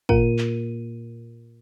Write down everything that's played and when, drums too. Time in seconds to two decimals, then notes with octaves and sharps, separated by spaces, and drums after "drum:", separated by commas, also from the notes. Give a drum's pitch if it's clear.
0.09 A#2 A#3 F4 A#4 D#7, drum: kick
0.38 drum: clap